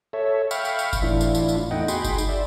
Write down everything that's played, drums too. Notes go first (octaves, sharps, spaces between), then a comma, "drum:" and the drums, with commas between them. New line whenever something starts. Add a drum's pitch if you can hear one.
A4 C#5 E5
E5 F5 G5 B5 C#6 F6, drum: tambourine
drum: tambourine
drum: tambourine
drum: kick G1, tambourine
A2 E3 D4 E4 F4
drum: tambourine
drum: tambourine
drum: tambourine
E2 A3 D#4 D#5 F#5 G5
D#4 F#4 G#4 G5 B5 C6, drum: tambourine
drum: kick G1, tambourine
drum: tambourine
D5 E5